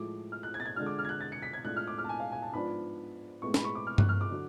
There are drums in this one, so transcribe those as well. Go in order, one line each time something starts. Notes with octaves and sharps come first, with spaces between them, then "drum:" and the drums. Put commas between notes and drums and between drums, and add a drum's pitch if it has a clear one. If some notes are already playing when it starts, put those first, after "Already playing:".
Already playing: A2 F3 G#3 D6
F6
F#6
G#6
A6
G#6
D3 G#3 D4 F4 F6
D6
F6
G#6
F#6
A6
C#7
B6
G#6
A2 G#3 D4 F4 F#6
F6
D6
F6
A5
G#5
F5
G#5
A5
G#2 F3 B3 D4 F4 B5
A2 G#3 B3 C#6
B5, drum: snare
C#6
D6
F6
F#6, drum: tom G2
F6
D6
D3 F#3